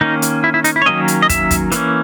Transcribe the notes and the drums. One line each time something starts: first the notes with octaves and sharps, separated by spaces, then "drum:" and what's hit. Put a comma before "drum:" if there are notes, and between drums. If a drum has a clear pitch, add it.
D#3 A#3 C#4 D#4
drum: hi-hat
E4
E4
D#4, drum: hi-hat
E4
C#5
D#3 F#3 A#3 C#4 D#5
drum: hi-hat
D#5
E5, drum: kick, hi-hat
drum: kick, hi-hat
E3 A#3 C#4, drum: hi-hat